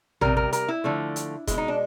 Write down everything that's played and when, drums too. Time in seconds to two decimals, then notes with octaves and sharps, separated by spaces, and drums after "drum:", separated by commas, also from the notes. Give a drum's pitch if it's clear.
0.21 C3 E3 G3 A#4, drum: tom
0.37 A#4
0.53 A#4, drum: hi-hat
0.69 E4
0.84 D3 F3 A3
1.16 drum: hi-hat
1.47 B2 G#3 E4, drum: kick F1, hi-hat
1.58 D#4
1.68 D4